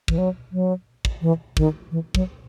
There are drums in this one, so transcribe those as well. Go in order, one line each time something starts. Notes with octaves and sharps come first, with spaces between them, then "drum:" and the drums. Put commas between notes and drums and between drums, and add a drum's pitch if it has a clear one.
E3, drum: kick
F#3
F#3
drum: kick
E3
D#3, drum: kick
E3
F#3, drum: kick